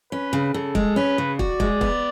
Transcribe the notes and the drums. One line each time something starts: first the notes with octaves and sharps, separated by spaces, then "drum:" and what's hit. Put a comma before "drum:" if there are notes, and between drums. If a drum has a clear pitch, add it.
C#4 B4
C#3
C#3 A4
G#3, drum: kick
C#4 B4
C#3
F#4 D5, drum: kick
G#3, drum: kick
B3, drum: kick